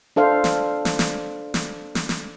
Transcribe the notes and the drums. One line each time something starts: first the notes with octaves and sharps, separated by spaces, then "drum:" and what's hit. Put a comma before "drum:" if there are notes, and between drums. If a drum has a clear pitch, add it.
D4 A4 C5 F5
drum: snare
drum: snare
drum: snare
drum: snare
drum: snare
drum: snare